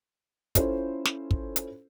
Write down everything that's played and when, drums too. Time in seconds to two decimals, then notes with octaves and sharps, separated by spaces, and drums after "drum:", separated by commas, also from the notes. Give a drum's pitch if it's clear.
0.55 C#4 E4 F4 A4 C5, drum: kick, hi-hat
1.05 drum: snare
1.31 drum: kick
1.56 drum: hi-hat